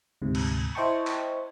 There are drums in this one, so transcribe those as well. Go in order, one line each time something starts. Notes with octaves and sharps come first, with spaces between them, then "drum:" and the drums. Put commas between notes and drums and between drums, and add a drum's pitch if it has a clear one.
D2 G#2 C3
drum: cymbal
E4 C5 D#5 G5 A5 C#6
drum: clap